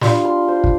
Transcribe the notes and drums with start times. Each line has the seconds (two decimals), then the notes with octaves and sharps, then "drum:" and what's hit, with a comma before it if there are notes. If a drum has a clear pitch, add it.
0.01 G3 D4 F4 C6, drum: snare
0.25 C6
0.48 C5
0.64 drum: kick